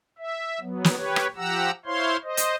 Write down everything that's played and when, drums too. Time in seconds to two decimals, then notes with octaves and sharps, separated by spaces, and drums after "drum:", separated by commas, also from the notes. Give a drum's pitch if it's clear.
0.18 E5
0.61 F#3 B3
0.84 drum: snare
0.97 G4 B4 C#5
1.16 drum: rim click
1.36 F3 G4 F#5 A#5 E6
1.85 E4 C5 C#5 F5 C6
2.24 C5 D#5
2.37 drum: hi-hat